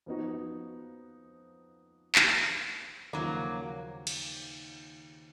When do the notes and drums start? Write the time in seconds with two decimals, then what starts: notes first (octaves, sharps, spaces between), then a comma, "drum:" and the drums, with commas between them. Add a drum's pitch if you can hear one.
0.06 F2 F3 B3 D#4 F#4
2.15 drum: clap
3.13 D#2 C#3 F3 F#3 A#3
4.07 drum: cymbal